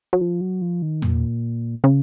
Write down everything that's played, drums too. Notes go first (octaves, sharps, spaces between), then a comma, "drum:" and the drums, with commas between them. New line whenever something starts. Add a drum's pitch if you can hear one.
F#3
F3
F#3
F3
D#3
A#2, drum: tom E2
C#3